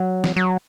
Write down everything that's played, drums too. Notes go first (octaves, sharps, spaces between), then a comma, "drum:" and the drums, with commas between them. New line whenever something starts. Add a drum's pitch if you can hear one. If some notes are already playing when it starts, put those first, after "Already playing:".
Already playing: F#3
drum: snare
F#3